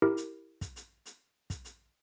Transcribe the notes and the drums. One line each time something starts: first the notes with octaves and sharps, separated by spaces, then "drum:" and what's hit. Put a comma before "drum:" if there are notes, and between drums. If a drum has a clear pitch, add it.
E4 G4 A#4
drum: hi-hat
drum: kick, hi-hat
drum: hi-hat
drum: hi-hat
drum: kick, hi-hat
drum: hi-hat